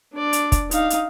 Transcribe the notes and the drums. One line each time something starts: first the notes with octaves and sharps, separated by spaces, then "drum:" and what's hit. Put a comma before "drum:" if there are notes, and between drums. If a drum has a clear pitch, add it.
D4 D5
drum: hi-hat
drum: kick, hi-hat
D#4 F5, drum: hi-hat
drum: hi-hat